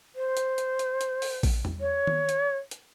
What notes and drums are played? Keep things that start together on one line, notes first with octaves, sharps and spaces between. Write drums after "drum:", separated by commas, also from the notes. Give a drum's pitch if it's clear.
C5
drum: hi-hat
drum: hi-hat
drum: hi-hat
drum: hi-hat
drum: open hi-hat
drum: kick A#1, open hi-hat
drum: tom E2
C#5
drum: tom D#3
drum: hi-hat
drum: hi-hat